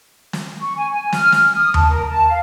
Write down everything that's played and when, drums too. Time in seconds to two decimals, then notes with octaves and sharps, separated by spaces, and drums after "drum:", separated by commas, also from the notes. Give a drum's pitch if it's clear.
0.33 drum: snare
0.61 C#6
0.77 G#5
0.90 G#5
1.13 F6, drum: snare
1.32 drum: snare
1.42 F6
1.56 D#6
1.74 A5, drum: tom D#2
1.89 A#4
2.08 A5
2.29 F5